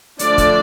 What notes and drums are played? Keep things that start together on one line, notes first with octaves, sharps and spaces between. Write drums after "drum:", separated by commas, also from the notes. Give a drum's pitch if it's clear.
D3 F3 A3 D4 D5, drum: hi-hat
drum: kick, hi-hat